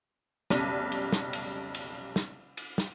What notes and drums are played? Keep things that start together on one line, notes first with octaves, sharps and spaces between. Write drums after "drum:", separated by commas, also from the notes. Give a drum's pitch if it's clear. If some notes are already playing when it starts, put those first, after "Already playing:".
F1 B1 C#3 G3 D5 D#7, drum: snare
drum: cymbal
drum: snare
drum: cymbal
drum: cymbal
drum: snare
drum: cymbal
drum: snare